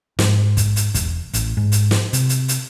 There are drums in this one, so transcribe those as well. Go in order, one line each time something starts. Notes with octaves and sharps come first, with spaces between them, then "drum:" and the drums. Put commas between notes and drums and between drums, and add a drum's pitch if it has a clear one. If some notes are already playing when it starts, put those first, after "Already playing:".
G#2, drum: snare
drum: kick, hi-hat
drum: hi-hat
E1, drum: kick, hi-hat
A1, drum: hi-hat
G#2
drum: hi-hat
drum: snare
C3, drum: hi-hat
drum: hi-hat
drum: hi-hat